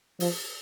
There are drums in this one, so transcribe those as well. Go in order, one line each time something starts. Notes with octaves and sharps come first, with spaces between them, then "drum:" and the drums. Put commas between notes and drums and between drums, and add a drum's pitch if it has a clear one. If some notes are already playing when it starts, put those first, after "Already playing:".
F3, drum: open hi-hat